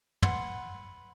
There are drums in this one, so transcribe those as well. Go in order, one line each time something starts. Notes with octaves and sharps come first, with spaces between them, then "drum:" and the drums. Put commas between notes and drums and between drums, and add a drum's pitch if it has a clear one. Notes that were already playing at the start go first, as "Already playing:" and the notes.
B4 F#5 C6, drum: tom